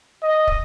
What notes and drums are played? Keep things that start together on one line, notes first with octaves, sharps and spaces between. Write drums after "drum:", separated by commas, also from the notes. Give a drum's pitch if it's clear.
D#5
drum: kick